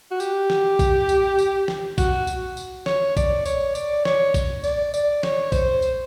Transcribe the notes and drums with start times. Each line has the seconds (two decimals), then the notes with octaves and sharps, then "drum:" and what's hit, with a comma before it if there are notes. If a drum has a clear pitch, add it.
0.11 F#4
0.20 G4, drum: tambourine
0.50 drum: snare
0.79 drum: kick A#1, tambourine
1.09 drum: tambourine
1.38 drum: tambourine
1.68 drum: snare
1.98 F#4, drum: kick A#1, tambourine
2.27 drum: tambourine
2.57 drum: tambourine
2.86 C#5, drum: snare
3.17 D5, drum: kick A#1, tambourine
3.45 C#5, drum: tambourine
3.75 D5, drum: tambourine
4.05 C#5, drum: snare
4.34 drum: kick A#1, tambourine
4.64 D5, drum: tambourine
4.94 D5, drum: tambourine
5.23 C#5, drum: snare
5.52 C5, drum: kick A#1, tambourine
5.82 drum: tambourine